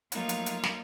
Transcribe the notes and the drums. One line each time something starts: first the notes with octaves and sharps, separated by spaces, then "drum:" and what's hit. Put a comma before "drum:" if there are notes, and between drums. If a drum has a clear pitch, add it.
F3 F#3 A3 A#3 D#4 F4, drum: hi-hat
drum: hi-hat
drum: hi-hat
drum: snare